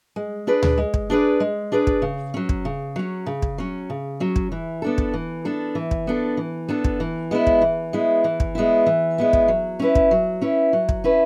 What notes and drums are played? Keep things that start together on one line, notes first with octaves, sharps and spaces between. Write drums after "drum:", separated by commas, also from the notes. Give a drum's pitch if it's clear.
G#3
D4 G#4 B4 D5
drum: tom D2
G#3
drum: kick
D4 G#4 B4 D5
G#3
D4 G#4 B4 D5
drum: kick
C#3
F#3 C#4
drum: kick
C#3
F#3 C#4
C#3
drum: kick
F#3 C#4
C#3
F#3 C#4
drum: kick
E3
B3 D4 A4
drum: kick
E3
B3 D4 A4
E3
drum: kick
B3 D4 A4
E3
B3 D4 A4
drum: kick
E3
G#3 B3 E4
drum: kick
E3
G#3 B3 E4
E3
drum: kick
G#3 B3 E4
E3
G#3 B3 E4
drum: kick
F#3
C#4 E4 B4
drum: kick
F#3
C#4 E4 B4
F#3
drum: kick
C#4 E4 B4